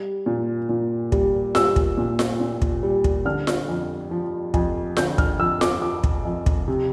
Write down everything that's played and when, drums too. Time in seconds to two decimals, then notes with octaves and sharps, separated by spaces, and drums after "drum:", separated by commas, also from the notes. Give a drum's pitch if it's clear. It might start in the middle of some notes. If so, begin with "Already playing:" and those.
Already playing: G3
0.26 A#2
0.69 A#2
1.12 G3, drum: kick
1.55 G3 E6, drum: snare F4
1.76 drum: kick
1.98 A#2
2.19 drum: snare F4
2.40 A#2
2.62 drum: kick
2.83 G3
3.04 drum: kick
3.25 D3 F6
3.47 drum: snare F4
3.68 F2
4.11 F3
4.54 F2, drum: kick
4.97 D3 G6, drum: snare F4
5.18 F6, drum: kick
5.40 F2 E6
5.61 D6, drum: snare F4
5.82 F3 D6
6.04 drum: kick
6.25 F2
6.46 drum: kick
6.68 C3